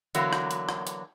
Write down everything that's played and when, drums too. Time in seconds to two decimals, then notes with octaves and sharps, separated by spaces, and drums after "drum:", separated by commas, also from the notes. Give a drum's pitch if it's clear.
0.15 D3 E3 F#3 A#3 B3, drum: hi-hat
0.33 drum: rim click
0.51 drum: hi-hat
0.69 drum: rim click
0.87 drum: hi-hat